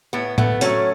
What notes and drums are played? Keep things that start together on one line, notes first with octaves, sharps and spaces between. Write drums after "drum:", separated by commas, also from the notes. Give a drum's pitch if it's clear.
A2 B3
A3 B3, drum: tom A2
F#3 A3 C#4, drum: hi-hat